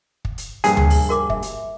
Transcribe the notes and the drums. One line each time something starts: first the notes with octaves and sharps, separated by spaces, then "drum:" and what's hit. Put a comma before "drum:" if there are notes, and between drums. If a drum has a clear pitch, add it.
drum: kick
drum: hi-hat
A#1 G2 G#4 G#5, drum: hi-hat
drum: tom D2
drum: open hi-hat
F#4 A#4 D6
E5, drum: kick
drum: hi-hat